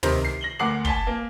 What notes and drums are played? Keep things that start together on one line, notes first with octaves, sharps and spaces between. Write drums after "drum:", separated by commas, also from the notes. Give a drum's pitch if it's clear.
C3 D#3 D#4 A#4 C5, drum: tom
C7
A#6 F#7 G7
D2 A#4 F#5 D6 C7 F#7
G#5 A5 B6 G7, drum: kick
A#3